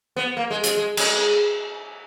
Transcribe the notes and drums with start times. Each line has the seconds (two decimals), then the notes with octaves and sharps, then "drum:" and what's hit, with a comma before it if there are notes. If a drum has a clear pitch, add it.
0.16 B3
0.37 A#3
0.51 G#3
0.64 G#3, drum: hi-hat
0.77 G#3
0.97 G#3, drum: cymbal